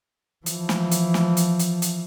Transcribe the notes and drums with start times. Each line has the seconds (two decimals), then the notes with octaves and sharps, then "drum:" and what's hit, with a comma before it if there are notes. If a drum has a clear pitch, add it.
0.46 E3 F3, drum: hi-hat
0.69 drum: snare
0.92 drum: hi-hat
1.14 drum: snare
1.37 drum: hi-hat
1.59 drum: hi-hat
1.82 drum: hi-hat